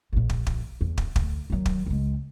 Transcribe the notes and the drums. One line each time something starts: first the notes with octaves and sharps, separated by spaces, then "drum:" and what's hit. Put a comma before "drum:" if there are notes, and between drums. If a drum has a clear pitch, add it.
A#1 A#2
drum: kick
drum: kick
E2
drum: kick
D2, drum: kick
D#3 F#3
drum: kick
C#2 G#3